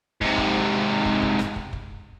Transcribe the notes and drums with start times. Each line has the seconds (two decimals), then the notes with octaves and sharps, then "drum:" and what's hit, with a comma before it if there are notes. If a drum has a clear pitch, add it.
0.21 G#2 C3, drum: kick
0.38 drum: kick
1.05 drum: kick
1.22 drum: kick
1.39 drum: rim click
1.56 drum: kick
1.73 drum: kick